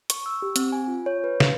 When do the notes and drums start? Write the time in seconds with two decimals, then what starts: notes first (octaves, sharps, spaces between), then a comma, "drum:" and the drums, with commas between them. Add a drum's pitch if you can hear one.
0.10 C#6, drum: hi-hat
0.26 E6
0.42 G4
0.56 C4, drum: hi-hat
0.72 G#5
0.88 F4
1.06 C#5
1.24 B4
1.40 F5, drum: snare